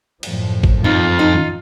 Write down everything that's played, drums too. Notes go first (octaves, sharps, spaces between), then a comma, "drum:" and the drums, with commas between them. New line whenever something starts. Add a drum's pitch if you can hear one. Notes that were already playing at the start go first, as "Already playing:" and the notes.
F#2 A2 F3, drum: cymbal
drum: kick
F2 D#4 F4
D#4